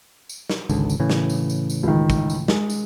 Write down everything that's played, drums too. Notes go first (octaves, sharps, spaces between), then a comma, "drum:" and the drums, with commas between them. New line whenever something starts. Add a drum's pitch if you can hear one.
drum: tambourine
drum: snare
G#1 C#2 D3, drum: tambourine
drum: tambourine
A2 C#3 E3
drum: snare
drum: tambourine
drum: tambourine
drum: tambourine
C#2 D#3
drum: kick, tambourine
drum: tambourine
G#3, drum: snare
drum: tambourine